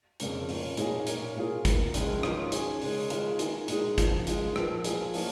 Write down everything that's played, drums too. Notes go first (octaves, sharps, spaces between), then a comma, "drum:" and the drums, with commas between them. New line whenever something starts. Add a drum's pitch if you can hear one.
F2 C#3 A#3 C#4, drum: hi-hat
A#2 A#3 C#4 F4, drum: open hi-hat
A#2 A#3 D#4 G#4 C#5, drum: hi-hat
A#2 A#3 C#4, drum: hi-hat
A#2 A#3 F4 G#4
D#3 A#3 D#4, drum: kick, hi-hat
C#2 C#3 F3 G#3, drum: hi-hat
G#2 D#3 C#4 F4, drum: rim click
D#3 C#4 G#4, drum: hi-hat
C#3 G#3 C#4, drum: open hi-hat
D#3 G#3 F4, drum: hi-hat
D#3 A#3 D#4 G#4, drum: hi-hat
A#2 G#3 D#4 G#4, drum: hi-hat
C#2 C#3 F3, drum: kick, hi-hat
D#3 G#3 F4, drum: hi-hat
A#2 F3 A#3, drum: rim click
F3 A#3 F4 G#4, drum: hi-hat
F3 A#3 C#4 F4, drum: open hi-hat